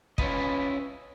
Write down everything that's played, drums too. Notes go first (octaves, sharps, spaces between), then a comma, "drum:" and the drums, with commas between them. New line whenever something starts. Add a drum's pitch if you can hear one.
C#4 E4 F4 B4 D#5, drum: kick